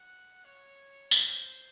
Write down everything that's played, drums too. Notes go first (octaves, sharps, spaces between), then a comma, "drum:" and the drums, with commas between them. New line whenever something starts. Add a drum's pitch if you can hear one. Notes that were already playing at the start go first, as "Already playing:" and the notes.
Already playing: F#5
C#5
C5, drum: tambourine